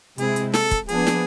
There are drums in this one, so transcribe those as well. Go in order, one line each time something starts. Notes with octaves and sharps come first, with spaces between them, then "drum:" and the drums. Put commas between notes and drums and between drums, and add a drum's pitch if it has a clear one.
C3 G#3 C4 E4 G#4, drum: hi-hat
drum: hi-hat
A4, drum: snare
drum: kick, hi-hat
F3 B3 D4 G#4, drum: hi-hat
drum: snare